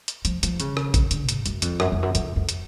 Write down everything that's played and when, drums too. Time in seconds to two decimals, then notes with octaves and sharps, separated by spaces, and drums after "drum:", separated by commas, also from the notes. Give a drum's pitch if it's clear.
0.08 drum: hi-hat
0.25 F3, drum: hi-hat
0.43 F3, drum: hi-hat
0.60 C#3, drum: hi-hat
0.77 drum: rim click
0.94 drum: kick A1, hi-hat
1.11 D3, drum: hi-hat
1.29 G#2, drum: hi-hat
1.46 F#2, drum: hi-hat
1.62 F2, drum: hi-hat
1.80 F#2, drum: rim click
1.92 F2
2.02 F#2
2.15 F2, drum: hi-hat
2.36 F2
2.49 drum: hi-hat